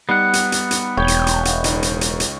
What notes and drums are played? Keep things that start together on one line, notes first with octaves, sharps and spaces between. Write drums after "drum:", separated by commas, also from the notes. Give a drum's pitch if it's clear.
G3 B3 D#4 F#5 C7
drum: hi-hat
drum: hi-hat
drum: hi-hat
E1 C#5 G5
drum: hi-hat
drum: hi-hat
drum: hi-hat
C#2 D#4, drum: hi-hat
drum: hi-hat
drum: hi-hat
drum: hi-hat